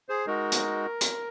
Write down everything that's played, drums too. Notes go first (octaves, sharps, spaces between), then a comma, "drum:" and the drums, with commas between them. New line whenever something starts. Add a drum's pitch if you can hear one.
G#4 C5
G#3 D#4 F#4 A#4
drum: hi-hat
drum: hi-hat